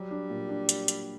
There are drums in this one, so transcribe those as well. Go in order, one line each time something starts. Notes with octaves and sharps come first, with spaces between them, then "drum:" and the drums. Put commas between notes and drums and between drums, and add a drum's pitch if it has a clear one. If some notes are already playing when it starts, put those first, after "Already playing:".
Already playing: F#3 G3
D4
A#2
D4
drum: hi-hat
drum: hi-hat